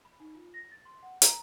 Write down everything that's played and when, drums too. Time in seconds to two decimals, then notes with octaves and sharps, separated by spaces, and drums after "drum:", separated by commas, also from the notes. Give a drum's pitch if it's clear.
0.05 B5
0.20 D#4
0.35 F4
0.54 A#6
0.72 A6
0.85 C6
1.03 F#5
1.22 A#5, drum: hi-hat